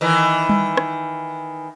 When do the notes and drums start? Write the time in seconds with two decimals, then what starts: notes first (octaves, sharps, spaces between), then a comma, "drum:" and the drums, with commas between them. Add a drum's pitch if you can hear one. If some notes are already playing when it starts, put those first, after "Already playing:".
0.01 D#3 E3
0.49 drum: tom G3
0.77 drum: rim click